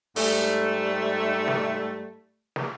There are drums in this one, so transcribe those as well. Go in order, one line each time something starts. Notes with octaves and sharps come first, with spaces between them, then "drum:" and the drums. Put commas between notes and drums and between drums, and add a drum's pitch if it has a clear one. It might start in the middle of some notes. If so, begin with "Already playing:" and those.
G#2 G3 A3, drum: open hi-hat
drum: snare
drum: snare